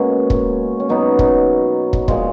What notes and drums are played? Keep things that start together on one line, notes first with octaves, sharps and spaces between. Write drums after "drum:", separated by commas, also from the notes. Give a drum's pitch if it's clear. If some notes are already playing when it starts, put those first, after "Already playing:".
Already playing: B2 G#3 A#3 C#4
drum: kick
C#4
B2 F#3 B3 D#4
drum: kick
drum: kick
A#2 F3 G#3, drum: kick